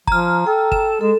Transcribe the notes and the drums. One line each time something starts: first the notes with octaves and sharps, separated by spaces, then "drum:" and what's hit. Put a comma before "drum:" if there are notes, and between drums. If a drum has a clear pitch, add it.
F3 A#5 F6, drum: kick
A4 G5
E7, drum: kick
G#3 A4